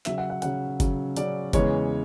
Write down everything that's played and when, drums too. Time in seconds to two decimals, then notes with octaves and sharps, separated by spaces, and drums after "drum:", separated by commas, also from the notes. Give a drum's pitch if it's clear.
0.06 C#3 F#3 C#4 E5, drum: clap
0.18 F#5
0.30 F#5
0.42 C#3 F#3 C#4 F#5, drum: hi-hat
0.80 C#3 F#3 C#4, drum: kick F#1, hi-hat
1.16 C#3 F#3 C#4 D5, drum: hi-hat
1.53 E2 C#3 E3 G#3 C#5, drum: kick F#1, hi-hat